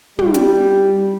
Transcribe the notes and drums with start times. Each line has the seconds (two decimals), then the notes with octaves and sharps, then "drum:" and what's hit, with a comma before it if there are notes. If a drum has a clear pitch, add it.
0.19 G3, drum: tom
0.34 drum: hi-hat